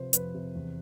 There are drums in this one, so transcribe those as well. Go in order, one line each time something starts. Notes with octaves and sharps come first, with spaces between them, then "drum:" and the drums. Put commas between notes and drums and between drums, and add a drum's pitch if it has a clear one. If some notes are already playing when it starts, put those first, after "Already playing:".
Already playing: C3 F3 B4 C5
F2 B4, drum: hi-hat
C3
E2